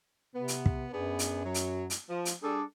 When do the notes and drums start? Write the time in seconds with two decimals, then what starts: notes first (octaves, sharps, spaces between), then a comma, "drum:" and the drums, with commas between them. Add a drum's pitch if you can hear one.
0.35 C3 B3
0.48 drum: hi-hat
0.66 drum: kick
0.92 F#2 B3 D4 G#4
1.19 drum: hi-hat
1.45 F#3
1.54 drum: hi-hat
1.90 drum: hi-hat
2.10 F3
2.25 drum: hi-hat
2.43 G3 D4 G#4 A4